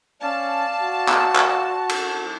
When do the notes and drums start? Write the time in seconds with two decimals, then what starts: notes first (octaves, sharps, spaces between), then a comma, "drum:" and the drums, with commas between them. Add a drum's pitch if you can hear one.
0.22 C#4 D5 F5 A5
0.82 F#4
1.09 drum: clap
1.36 drum: clap
1.89 drum: cymbal